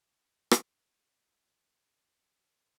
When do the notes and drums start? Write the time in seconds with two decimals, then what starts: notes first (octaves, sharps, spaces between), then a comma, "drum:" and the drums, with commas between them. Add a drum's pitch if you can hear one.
0.18 A1 G3 G#3 B4 D#5
0.51 drum: rim click